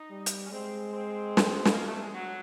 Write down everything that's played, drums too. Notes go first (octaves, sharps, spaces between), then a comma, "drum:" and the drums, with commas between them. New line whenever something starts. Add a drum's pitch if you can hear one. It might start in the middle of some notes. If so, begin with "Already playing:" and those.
Already playing: D#4
G3
drum: hi-hat
C#4
G#3 C4
C4
drum: snare
B3, drum: snare
G3 A#3
A3
G#3
F#3